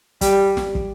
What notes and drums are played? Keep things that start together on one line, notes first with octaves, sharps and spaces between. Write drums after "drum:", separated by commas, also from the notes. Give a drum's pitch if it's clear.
G3, drum: kick, hi-hat
drum: snare
drum: kick